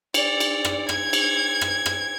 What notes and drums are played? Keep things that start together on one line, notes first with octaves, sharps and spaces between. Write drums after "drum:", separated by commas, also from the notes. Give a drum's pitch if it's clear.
D5, drum: cymbal
drum: cymbal
drum: rim click
G#6, drum: rim click
drum: cymbal
drum: rim click
drum: rim click